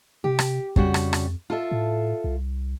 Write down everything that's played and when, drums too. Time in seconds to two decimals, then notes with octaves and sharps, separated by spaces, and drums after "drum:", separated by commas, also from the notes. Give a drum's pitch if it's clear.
0.24 C3 G4
0.39 drum: rim click
0.76 F2 C#3 G3 F#4, drum: kick
0.94 drum: rim click
1.13 drum: rim click
1.50 F4 A4 E5
1.71 A2
2.24 C2